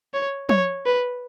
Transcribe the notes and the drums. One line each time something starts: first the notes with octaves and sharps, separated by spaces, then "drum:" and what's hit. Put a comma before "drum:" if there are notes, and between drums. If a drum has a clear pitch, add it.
C#5
C#5, drum: tom
B4